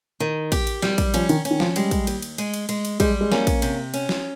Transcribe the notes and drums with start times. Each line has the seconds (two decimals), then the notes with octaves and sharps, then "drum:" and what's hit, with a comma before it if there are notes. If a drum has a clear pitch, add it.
0.20 D#3
0.52 G4, drum: kick, cymbal
0.67 drum: cymbal
0.82 G3, drum: snare
0.98 drum: kick, cymbal
1.14 F3 C#4, drum: cymbal
1.29 D#3, drum: cymbal
1.45 C#4, drum: cymbal
1.51 D#3
1.60 F3, drum: snare
1.76 G3 G#3, drum: cymbal
1.91 drum: kick, cymbal
2.07 D#2, drum: cymbal
2.22 drum: cymbal
2.38 G#3, drum: cymbal
2.54 drum: cymbal
2.69 G#3, drum: cymbal
2.85 drum: cymbal
3.00 G3 G#3, drum: kick, cymbal
3.21 G#3
3.32 A#3 C#4, drum: snare
3.47 drum: kick, cymbal
3.62 C3, drum: cymbal
3.94 C#4, drum: cymbal
4.09 drum: snare